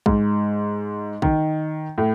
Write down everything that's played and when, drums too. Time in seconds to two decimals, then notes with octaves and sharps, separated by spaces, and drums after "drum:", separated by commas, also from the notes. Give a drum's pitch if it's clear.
0.06 G#2, drum: kick
1.22 D#3, drum: kick
1.98 A2